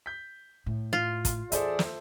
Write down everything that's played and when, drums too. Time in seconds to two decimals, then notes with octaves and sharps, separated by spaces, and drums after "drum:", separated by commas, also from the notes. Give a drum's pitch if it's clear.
0.06 G6 B6
0.66 A2
0.93 F4
1.25 drum: kick, hi-hat
1.52 E2 G#4 A4 C5 D5 E5, drum: hi-hat
1.79 drum: snare